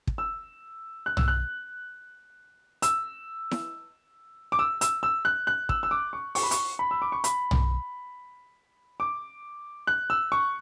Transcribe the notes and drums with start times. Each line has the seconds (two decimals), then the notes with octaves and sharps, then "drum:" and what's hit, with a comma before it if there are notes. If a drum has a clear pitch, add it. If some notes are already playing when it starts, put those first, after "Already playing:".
0.07 drum: kick
0.18 E6
1.06 F#6
1.17 E6, drum: tom
1.28 F#6
2.82 E6, drum: hi-hat
3.51 drum: snare E4
4.52 D6
4.59 E6
4.81 E6, drum: hi-hat
5.03 E6
5.25 F#6
5.47 F#6
5.69 E6, drum: kick
5.83 E6
5.91 D6
6.13 C#6
6.35 C#6, drum: open hi-hat
6.43 B5
6.51 C#6, drum: hi-hat
6.79 B5
6.91 E6
7.02 D6
7.12 C#6
7.24 B5, drum: hi-hat
7.51 drum: tom
9.00 D6
9.87 F#6
10.10 E6
10.32 C#6